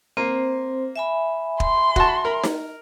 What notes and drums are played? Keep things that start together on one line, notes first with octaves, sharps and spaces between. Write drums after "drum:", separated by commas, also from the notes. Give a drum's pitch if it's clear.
A#3 C4 C5
E5 G#5 B5
C6, drum: kick
F#4 A5, drum: kick
A#4
drum: snare D#4